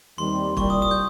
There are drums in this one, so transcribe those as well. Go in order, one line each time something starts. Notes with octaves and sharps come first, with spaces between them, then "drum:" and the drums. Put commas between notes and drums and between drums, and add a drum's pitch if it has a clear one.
D#2 D#3 G3 C4 C6
C2 A#2 G3 C#6, drum: kick
D#6
D#6
G6